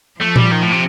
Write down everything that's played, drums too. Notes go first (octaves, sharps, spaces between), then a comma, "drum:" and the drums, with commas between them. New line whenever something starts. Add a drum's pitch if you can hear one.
F3 A3
G3, drum: tom A#2
D#3
A2
C3